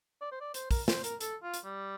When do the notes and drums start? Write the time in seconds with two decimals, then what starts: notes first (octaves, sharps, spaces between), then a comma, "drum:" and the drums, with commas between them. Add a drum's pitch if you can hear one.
0.21 D5
0.32 C5
0.41 D5
0.54 C5, drum: hi-hat
0.71 A#4, drum: kick, open hi-hat
0.88 C5, drum: snare
1.04 A#4, drum: hi-hat
1.21 A4, drum: hi-hat
1.43 F4
1.54 drum: hi-hat
1.65 G3